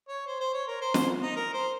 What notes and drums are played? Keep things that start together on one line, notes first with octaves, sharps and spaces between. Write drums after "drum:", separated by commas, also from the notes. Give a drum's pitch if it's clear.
C#5
C5
C5
C#5
A#4
C5
C5, drum: snare
D#4
A#4
C5